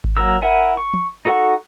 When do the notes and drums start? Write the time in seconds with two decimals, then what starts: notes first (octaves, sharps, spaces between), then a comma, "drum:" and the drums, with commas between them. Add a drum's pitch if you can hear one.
0.04 drum: kick G#1
0.17 F#3 A#3 A#4 E6
0.42 E4 A#4 E5 F#5 G#5
0.77 C#6
0.94 drum: tom
1.25 D#4 F#4 A4 F#5 C#6